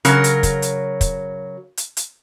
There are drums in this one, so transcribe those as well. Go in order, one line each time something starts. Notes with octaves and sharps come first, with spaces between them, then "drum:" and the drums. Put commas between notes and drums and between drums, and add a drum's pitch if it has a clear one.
C#3 F#3 A#4, drum: hi-hat
drum: hi-hat
drum: kick, hi-hat
drum: hi-hat
drum: kick, hi-hat
drum: hi-hat
drum: hi-hat